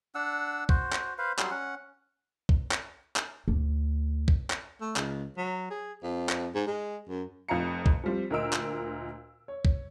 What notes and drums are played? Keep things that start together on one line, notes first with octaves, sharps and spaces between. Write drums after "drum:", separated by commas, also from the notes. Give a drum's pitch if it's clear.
D4 F#5 E6
F#4 C5, drum: kick B1
drum: clap
B4 C5 F5
F#3 G3 C6, drum: clap
C#4 F#5
drum: kick B1
drum: clap
drum: clap
D2
drum: kick B1
drum: clap
A3
C#2, drum: clap
F#3
G#4
F2
drum: clap
G#2
G#3
F#2
F1 F2 F5 A#5 C#7
drum: kick B1
F3 G3 C4
D2 A#2 A#4 D#5 E6 D7
drum: clap
C#5
drum: kick B1